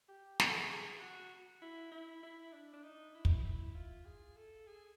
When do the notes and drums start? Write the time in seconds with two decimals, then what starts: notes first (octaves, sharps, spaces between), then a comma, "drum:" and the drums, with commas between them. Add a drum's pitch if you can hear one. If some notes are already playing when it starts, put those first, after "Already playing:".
0.08 G4
0.40 G#4, drum: snare
0.48 A4
0.57 G#4
0.70 G#4
1.00 F#4
1.62 E4
1.92 E4
2.23 E4
2.52 D4
2.73 D4
2.84 D#4
3.15 E4
3.25 drum: kick
3.45 E4
3.75 F4
4.06 G#4
4.36 A4
4.67 G#4